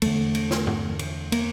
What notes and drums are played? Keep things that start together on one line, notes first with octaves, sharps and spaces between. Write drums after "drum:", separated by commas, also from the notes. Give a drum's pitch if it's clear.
E2 D3 A3, drum: cymbal
drum: cymbal
drum: snare
drum: tom G2
drum: cymbal
A#3, drum: cymbal